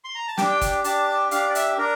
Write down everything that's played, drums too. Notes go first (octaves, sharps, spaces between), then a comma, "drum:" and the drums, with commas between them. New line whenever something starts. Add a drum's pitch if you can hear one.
C6
A#5
A5
D4 G4 G5, drum: snare
drum: kick, hi-hat
D4 G4 A5, drum: hi-hat
D4 G4 F5, drum: hi-hat
D5
E5, drum: hi-hat
D4 A#4